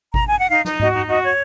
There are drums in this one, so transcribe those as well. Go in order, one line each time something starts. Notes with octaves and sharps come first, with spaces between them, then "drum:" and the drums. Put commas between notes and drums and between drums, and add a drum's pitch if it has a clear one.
A#5, drum: kick G#1
G#5
F#5
D#4 F5
D#4, drum: snare
F#4 D#5, drum: tom G#2
D#4
F#4 D#5
C#5